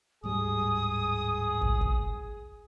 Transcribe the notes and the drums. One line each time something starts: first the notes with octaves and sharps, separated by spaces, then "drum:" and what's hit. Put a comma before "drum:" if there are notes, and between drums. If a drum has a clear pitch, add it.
D1 G#2 G3 G#4 D#6
drum: kick
drum: kick